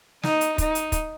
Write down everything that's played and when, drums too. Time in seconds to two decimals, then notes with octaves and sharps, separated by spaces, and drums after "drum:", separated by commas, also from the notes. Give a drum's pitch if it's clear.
0.23 D#4, drum: snare
0.41 drum: hi-hat
0.58 D#4, drum: kick, hi-hat
0.75 drum: hi-hat
0.92 drum: kick, hi-hat